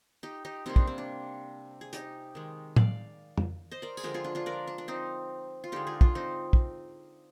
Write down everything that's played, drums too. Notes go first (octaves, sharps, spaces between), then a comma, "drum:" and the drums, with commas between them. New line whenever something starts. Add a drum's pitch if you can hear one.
D#4 G4
D#4 G4
C3 G3 A#3 C4 D#4
D4, drum: kick
C4
D4
G#4
D#4 G4, drum: hi-hat
D#3 G#3
D5 F5, drum: tom A2
drum: tom F2
C5 D#5
A#4 D5
G#4, drum: tambourine
D3 F3 G#3 G4 A#4
F4 G#4
D4 F4
D4 F4
A#4 D5
D4
D4
C4 D#4
F4
D3 G#3 D#4 G4
F4 G#4
D4 F4, drum: kick
C4 D#4
drum: kick